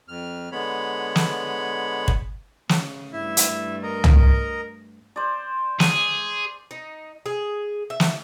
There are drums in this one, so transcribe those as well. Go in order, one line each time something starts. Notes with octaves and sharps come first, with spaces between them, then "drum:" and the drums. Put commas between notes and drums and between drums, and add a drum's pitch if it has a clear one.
F2 F6
D3 G#3 B3 C#5 B5
drum: snare
drum: kick
C#3, drum: snare
G2 A3 E4 E5
drum: hi-hat
A#4 D#5 A#5
drum: tom
C5 D5
G#4, drum: snare
D#4
G#4
E5
drum: snare